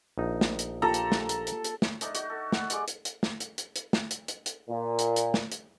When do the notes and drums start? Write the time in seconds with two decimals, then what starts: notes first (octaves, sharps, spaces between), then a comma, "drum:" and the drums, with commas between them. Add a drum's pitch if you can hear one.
0.18 A#1 D#4
0.41 drum: snare
0.59 drum: hi-hat
0.82 A#3 F4 G4 A4 A#5
0.94 drum: hi-hat
1.12 drum: snare
1.29 drum: hi-hat
1.47 drum: hi-hat
1.64 drum: hi-hat
1.82 drum: snare
2.01 A3 D4 D#4 A5, drum: hi-hat
2.15 F#4, drum: hi-hat
2.30 A4
2.52 F#5, drum: snare
2.70 G3 G#3 D6, drum: hi-hat
2.88 drum: hi-hat
3.05 drum: hi-hat
3.23 drum: snare
3.40 drum: hi-hat
3.58 drum: hi-hat
3.76 drum: hi-hat
3.93 drum: snare
4.11 drum: hi-hat
4.28 drum: hi-hat
4.46 drum: hi-hat
4.70 A#2
4.99 drum: hi-hat
5.16 drum: hi-hat
5.34 drum: snare
5.52 drum: hi-hat